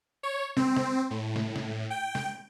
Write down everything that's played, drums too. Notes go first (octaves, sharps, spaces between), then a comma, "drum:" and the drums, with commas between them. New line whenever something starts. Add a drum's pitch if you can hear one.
C#5
C4, drum: snare
drum: snare
A2
drum: snare
drum: snare
G5
drum: snare